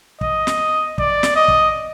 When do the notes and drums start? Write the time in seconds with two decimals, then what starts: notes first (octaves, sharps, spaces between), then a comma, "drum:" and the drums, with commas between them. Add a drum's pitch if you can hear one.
0.21 D#5, drum: kick
0.47 drum: snare
0.98 D5, drum: kick
1.23 drum: snare
1.35 D#5
1.48 drum: kick